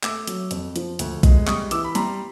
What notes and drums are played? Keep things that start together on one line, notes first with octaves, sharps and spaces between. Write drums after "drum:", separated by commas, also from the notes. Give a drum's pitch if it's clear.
A3 D6 E6, drum: clap
F#3, drum: hi-hat
F2, drum: hi-hat
F3, drum: hi-hat
D2, drum: hi-hat
G#3, drum: kick, hi-hat
G3 C#6 D#6, drum: clap
E3 D6 E6, drum: hi-hat
B5
G3 A#5 C6, drum: hi-hat